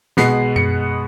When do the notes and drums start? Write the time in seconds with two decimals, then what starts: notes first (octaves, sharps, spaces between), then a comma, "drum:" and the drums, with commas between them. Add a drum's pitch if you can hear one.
0.17 B2 G#3 B3 C7, drum: snare
0.56 C#7, drum: tom F#2